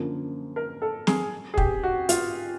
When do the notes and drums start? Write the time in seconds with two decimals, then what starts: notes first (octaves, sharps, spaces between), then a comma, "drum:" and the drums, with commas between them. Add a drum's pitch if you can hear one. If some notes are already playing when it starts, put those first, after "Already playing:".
Already playing: F#2 D3 F3 A#3
0.56 A#4
0.82 A4
1.07 G#4, drum: snare
1.54 G#4
1.58 G4, drum: kick
1.83 F#4
2.09 F4, drum: hi-hat